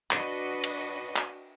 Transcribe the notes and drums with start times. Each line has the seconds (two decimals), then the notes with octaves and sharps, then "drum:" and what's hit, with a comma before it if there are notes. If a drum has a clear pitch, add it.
0.11 D4 F#4 B4 D#5, drum: clap
0.64 drum: cymbal
1.16 drum: clap